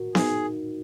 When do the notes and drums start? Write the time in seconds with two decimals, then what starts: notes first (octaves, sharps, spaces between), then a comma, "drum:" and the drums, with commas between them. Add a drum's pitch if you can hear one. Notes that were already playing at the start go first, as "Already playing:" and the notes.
Already playing: F#4 A#4
0.15 D#4 G#4, drum: snare B3